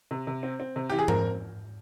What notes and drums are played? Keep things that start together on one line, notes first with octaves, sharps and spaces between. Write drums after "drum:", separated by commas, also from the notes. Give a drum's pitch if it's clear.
C3
C3
C4
C4
C3
E3 G4
G#4
C4 A#4, drum: tom G#2